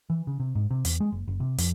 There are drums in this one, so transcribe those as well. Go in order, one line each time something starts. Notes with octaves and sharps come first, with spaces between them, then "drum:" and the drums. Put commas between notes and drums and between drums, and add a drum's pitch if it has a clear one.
E3
C#3
C3
G#2
C3
E2, drum: hi-hat
G#3
F#1
F#1
C3
F2, drum: hi-hat